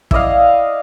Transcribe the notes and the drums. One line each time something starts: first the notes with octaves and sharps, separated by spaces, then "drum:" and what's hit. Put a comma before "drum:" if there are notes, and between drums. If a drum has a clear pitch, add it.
E4 D5 D#5 F5, drum: kick